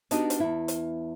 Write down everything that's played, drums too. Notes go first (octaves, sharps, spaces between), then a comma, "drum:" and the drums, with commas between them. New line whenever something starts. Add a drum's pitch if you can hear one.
B3 D4 D#4 F#4 G4 D#5, drum: hi-hat
drum: hi-hat
E2 E4
drum: hi-hat